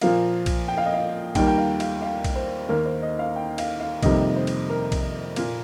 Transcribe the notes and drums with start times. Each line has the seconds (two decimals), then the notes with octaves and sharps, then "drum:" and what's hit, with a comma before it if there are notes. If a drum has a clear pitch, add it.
0.01 A#2 F3 A#3 F5, drum: cymbal
0.46 drum: kick B1, cymbal
0.68 G5
0.78 F5
0.86 D#5
0.94 F5
1.35 D#2 D#3 G3 A#3 G5, drum: kick B1, cymbal
1.48 G5
1.58 F5
1.80 F5, drum: cymbal
2.02 F5
2.24 drum: kick B1, cymbal
2.35 C5
2.69 D#2 D#3 A#3 A#4
2.86 C5
3.03 D#5
3.19 F5
3.36 G5
3.58 F5, drum: cymbal
3.80 F5
4.03 F2 C3 D#3 G3 A#3 D#5, drum: kick B1, cymbal
4.36 C5
4.47 drum: cymbal
4.70 A#4
4.92 drum: kick B1, cymbal
5.36 A#2 A#3, drum: cymbal